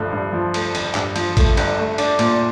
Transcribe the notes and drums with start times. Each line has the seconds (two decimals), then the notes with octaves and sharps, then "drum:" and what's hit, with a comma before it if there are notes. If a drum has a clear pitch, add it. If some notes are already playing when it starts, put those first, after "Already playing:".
Already playing: G1 G2 F3 A3
0.13 G2
0.33 F3
0.54 A3, drum: cymbal
0.75 G1, drum: cymbal
0.95 G2, drum: clap
1.16 F3, drum: cymbal
1.37 A3, drum: kick A1, cymbal
1.57 G1, drum: cymbal
1.78 A3
1.98 D4, drum: cymbal
2.19 A#2, drum: cymbal